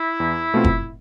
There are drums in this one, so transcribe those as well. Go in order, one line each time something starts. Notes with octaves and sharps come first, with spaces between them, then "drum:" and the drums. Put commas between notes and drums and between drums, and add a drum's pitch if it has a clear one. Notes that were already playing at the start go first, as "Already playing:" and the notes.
Already playing: E4
E2
B2 A3 C4 F4
drum: kick